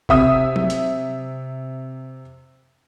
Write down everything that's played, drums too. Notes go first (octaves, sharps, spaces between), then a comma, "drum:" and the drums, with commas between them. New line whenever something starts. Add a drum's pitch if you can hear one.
C3 E5 D#6, drum: kick G1
drum: tom F#3
drum: hi-hat